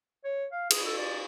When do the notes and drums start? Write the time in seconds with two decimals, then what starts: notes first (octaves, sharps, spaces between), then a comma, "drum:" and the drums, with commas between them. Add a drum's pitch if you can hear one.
0.24 C#5
0.52 F5
0.70 G#4, drum: cymbal
0.85 A4
0.98 D5